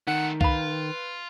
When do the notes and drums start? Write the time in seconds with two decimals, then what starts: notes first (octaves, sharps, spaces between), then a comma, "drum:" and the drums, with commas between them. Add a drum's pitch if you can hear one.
0.07 D#3 A3 C4 F#5
0.41 F4 B4 F5 B5, drum: kick C2